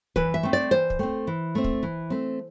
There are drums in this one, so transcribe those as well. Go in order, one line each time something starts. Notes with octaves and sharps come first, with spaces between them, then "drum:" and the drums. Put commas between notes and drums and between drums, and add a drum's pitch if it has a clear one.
E3 B4, drum: kick
E5
A3 C4
D5
E3 C5
drum: kick
A3 C4
E3
A3 C4
drum: kick
E3
A3 C4